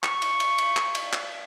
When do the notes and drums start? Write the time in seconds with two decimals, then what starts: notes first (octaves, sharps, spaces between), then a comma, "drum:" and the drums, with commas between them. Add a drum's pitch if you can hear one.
0.03 C#6, drum: clap
0.22 drum: cymbal
0.40 drum: cymbal
0.58 drum: cymbal
0.77 drum: clap
0.95 drum: cymbal
1.13 drum: clap